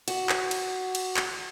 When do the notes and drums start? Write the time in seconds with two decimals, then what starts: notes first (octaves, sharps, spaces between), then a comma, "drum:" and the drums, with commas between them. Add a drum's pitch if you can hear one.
0.08 F#4, drum: cymbal
0.29 drum: clap
0.51 drum: cymbal
0.95 drum: cymbal
1.17 drum: clap